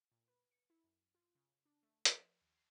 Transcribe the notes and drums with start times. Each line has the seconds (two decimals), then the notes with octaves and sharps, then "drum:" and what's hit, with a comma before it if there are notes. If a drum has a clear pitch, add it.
0.12 A#2
0.28 B4
0.51 C#7
0.70 E4
0.84 F#2
1.15 F4
1.35 C#3
1.65 D4
1.83 A3
2.05 F3, drum: hi-hat
2.41 D#2
2.56 C7